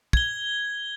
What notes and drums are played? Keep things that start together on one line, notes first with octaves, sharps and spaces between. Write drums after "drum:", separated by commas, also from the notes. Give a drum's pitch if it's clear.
G#6 G7, drum: kick